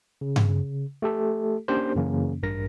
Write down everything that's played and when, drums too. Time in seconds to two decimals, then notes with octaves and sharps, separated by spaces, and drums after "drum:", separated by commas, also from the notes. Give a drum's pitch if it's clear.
0.21 C#3
0.36 drum: tom G2
1.02 A3 G4 A4
1.68 A#3 C#4 D4 G4 A#4 C5
1.96 F#2 C#3 E3 A#3 C#4
2.43 A1 G2 A#4 A#6